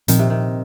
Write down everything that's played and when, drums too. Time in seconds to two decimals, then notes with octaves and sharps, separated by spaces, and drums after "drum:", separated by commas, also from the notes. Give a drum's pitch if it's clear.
0.08 A#2 D#3 F3 C4, drum: hi-hat
0.19 C3
0.30 D#3